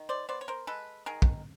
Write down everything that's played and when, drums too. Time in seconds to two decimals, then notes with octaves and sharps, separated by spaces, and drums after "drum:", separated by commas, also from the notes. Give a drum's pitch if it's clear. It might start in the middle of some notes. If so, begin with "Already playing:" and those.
Already playing: D#3
0.09 C5 D5
0.29 B3 C5 D5
0.41 C#5
0.48 A#4 C5
0.67 G#3 A4 B4
1.06 D#3 G#4 A#4
1.22 drum: kick